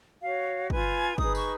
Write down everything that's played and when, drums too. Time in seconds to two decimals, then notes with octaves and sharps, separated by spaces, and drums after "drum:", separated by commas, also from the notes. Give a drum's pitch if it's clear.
0.22 F#4 C#5 F5
0.70 F4 B4 G#5, drum: kick
1.18 D#4 G#4 B4 D#6, drum: kick
1.35 C#6, drum: tambourine